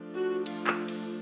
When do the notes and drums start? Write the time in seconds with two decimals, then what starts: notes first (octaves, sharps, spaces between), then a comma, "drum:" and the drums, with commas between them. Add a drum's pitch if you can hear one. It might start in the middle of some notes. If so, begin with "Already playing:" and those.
Already playing: F3 A3 D4
0.14 F#4
0.46 F4, drum: cymbal
0.67 drum: clap
0.88 drum: cymbal